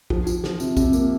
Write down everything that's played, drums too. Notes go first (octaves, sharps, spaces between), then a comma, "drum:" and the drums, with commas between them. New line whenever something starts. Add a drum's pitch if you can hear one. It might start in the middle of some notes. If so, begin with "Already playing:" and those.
F3, drum: kick
F3, drum: tambourine
F3, drum: snare
C3, drum: tambourine
C3, drum: kick, tambourine
A#3, drum: tambourine